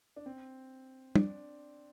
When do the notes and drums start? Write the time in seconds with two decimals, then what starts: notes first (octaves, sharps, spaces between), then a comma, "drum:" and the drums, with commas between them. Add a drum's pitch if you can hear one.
0.16 D4
0.26 C4
1.16 D4, drum: tom